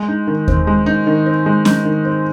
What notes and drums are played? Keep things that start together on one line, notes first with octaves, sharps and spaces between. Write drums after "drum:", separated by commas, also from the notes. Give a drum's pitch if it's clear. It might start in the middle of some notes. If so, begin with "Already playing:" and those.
Already playing: G#3
D#4
D#3
C4, drum: kick D#2
G#3
D#4
D#3
C4
G#3
D#4, drum: snare C#4
D#3
C4